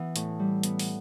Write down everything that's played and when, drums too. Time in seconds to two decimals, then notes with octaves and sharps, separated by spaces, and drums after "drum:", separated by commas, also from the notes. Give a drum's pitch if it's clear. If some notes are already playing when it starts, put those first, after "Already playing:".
Already playing: E3 B3
0.16 A2, drum: hi-hat
0.39 G3
0.63 B3, drum: hi-hat
0.79 drum: open hi-hat